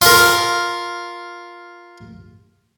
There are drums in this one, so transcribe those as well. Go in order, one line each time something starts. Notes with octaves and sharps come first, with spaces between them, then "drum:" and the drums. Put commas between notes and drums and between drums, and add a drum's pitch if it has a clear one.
F4 A#4, drum: open hi-hat